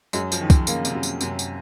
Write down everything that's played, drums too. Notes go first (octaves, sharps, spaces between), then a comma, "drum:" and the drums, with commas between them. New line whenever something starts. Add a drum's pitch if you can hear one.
F#2 G#3, drum: tambourine
F3, drum: tambourine
D#3
F3, drum: kick, tambourine
C#3 A#3, drum: tambourine
C3, drum: tambourine
F#2
drum: tambourine
F#2 C3, drum: tambourine
drum: tambourine